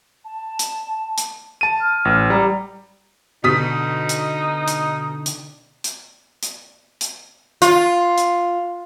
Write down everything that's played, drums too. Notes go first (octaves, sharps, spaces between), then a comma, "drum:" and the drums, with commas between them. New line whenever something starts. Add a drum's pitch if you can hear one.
A5
drum: hi-hat
drum: hi-hat
A5 D#7
F6
A1
G3 A#5
B2 D3 D#4 D#6 B6
drum: hi-hat
drum: hi-hat
drum: hi-hat
drum: hi-hat
drum: hi-hat
drum: hi-hat
F4, drum: hi-hat
drum: hi-hat